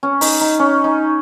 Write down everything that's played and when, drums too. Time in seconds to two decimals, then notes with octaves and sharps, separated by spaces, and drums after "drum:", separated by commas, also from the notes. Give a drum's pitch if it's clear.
0.03 C#4
0.21 D#4, drum: open hi-hat
0.41 D#4
0.59 C#4
0.84 D#4